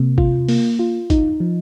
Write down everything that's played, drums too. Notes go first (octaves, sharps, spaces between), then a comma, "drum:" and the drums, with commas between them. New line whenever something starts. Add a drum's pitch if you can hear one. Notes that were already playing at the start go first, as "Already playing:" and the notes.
Already playing: C3 A#3
F4, drum: kick
A#3, drum: open hi-hat
F4
D#4, drum: kick, hi-hat
F3